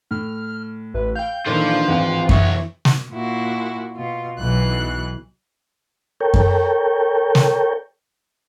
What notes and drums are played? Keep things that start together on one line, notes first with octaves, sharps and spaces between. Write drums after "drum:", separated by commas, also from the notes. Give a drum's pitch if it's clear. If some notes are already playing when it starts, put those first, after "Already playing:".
A2 F6
A1 B4
F5 G5 G6
A#2 D#3 E3 D4 F4 A4 C5
D1 G#1 E3 F#5 G5
B1 C#5 E5, drum: kick F#2
drum: snare
A#2 E4 F#4
B2 F4
B1 B2 E3 F#6
A4 A#4 C#5 G5
drum: kick F#2
drum: snare